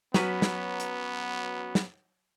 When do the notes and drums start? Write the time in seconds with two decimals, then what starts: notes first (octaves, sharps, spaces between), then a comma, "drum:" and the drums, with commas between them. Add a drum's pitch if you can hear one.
0.14 F#3 B3 C#4 B4, drum: snare
0.42 drum: snare
0.80 drum: hi-hat
1.75 drum: snare